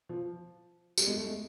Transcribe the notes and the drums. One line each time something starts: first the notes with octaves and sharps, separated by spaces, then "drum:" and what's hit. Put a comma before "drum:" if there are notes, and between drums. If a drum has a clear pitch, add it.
F3
G3, drum: tambourine
G#3
A3
G#3